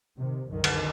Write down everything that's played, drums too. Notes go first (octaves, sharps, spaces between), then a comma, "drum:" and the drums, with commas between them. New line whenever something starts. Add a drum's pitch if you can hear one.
C3 D#3
C2 F#2 D3 D#3
drum: cymbal